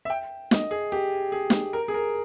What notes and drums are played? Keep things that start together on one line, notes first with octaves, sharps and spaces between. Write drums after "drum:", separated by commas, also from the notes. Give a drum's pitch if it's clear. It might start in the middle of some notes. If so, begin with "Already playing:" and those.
E5
G5
D#5, drum: snare
G#4
G4
G#4
drum: snare
A#4
G#4
A#4